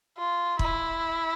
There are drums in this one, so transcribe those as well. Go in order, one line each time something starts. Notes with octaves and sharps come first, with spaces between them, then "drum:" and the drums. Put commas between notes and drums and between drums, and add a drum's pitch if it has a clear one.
F4
E4, drum: kick